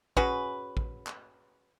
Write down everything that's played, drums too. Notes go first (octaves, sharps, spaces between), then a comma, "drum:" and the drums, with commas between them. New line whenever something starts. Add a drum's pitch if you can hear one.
C#4 F#4 G#4 B4, drum: kick
drum: kick
drum: clap